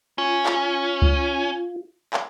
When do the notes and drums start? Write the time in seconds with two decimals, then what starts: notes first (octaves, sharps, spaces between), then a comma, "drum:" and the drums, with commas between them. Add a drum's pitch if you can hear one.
0.18 C#4 F4
0.46 drum: clap
1.02 drum: kick C#2
2.14 drum: clap